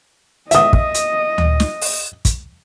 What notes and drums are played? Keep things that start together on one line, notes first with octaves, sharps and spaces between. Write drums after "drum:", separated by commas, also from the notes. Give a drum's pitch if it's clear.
D#5 E5 D#6, drum: hi-hat
drum: kick
drum: hi-hat
drum: tom D2
drum: snare
drum: open hi-hat
drum: kick, hi-hat